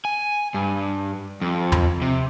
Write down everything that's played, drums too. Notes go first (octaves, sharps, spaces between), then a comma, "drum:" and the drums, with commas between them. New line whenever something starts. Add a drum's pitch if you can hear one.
G#5
G2
F2
drum: tom
C3